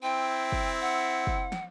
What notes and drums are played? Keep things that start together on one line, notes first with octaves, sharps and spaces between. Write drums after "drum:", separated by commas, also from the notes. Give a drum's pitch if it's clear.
C4 E4 G5
drum: kick
F#5
drum: kick
drum: snare